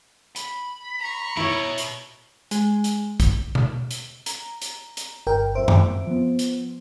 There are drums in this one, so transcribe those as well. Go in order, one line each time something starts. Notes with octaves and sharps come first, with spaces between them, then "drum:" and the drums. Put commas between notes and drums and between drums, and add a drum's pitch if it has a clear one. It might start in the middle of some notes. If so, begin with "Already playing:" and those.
B5, drum: hi-hat
A#5 C#6
B2 E4 C#5
drum: hi-hat
G#3, drum: hi-hat
drum: hi-hat
drum: kick, hi-hat
drum: tom B2
drum: hi-hat
A#5, drum: hi-hat
drum: hi-hat
drum: hi-hat
G1 A#4 G5
F2 C5 E5 D7
drum: tom F#2
F3 B3
drum: hi-hat